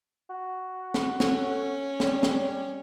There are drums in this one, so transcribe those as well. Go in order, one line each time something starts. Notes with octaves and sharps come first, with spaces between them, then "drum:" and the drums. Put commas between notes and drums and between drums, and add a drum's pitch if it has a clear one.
F#4
drum: snare
C#4 A4, drum: snare
G3 C#5, drum: snare
drum: snare